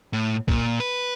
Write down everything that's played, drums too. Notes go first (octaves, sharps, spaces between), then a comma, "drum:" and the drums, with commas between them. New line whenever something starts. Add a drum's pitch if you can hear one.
A2
A#2, drum: kick
B4